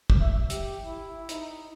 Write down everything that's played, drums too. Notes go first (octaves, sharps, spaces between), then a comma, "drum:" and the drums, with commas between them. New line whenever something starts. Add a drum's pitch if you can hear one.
drum: kick
E5
G4, drum: hi-hat
E4
D#4, drum: hi-hat